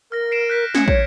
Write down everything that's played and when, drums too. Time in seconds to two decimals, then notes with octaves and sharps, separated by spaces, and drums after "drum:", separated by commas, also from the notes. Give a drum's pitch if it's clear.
0.12 A#4 F6 A#6
0.31 C7 D7 E7
0.50 F#6 G6 B6
0.75 C#4 G#6 C#7, drum: snare
0.88 C#5, drum: kick